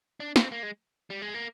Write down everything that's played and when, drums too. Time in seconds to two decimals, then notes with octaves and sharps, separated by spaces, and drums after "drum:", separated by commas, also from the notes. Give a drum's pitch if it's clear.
0.20 D4
0.36 C4, drum: snare
0.52 A#3
0.63 G#3
1.10 G3
1.22 G#3
1.34 A#3